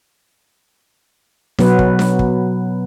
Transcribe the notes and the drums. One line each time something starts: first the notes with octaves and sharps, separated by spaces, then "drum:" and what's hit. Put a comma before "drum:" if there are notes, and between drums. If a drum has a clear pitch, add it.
B2 F#3 B3 B4, drum: snare D4
drum: kick
drum: snare D4
drum: kick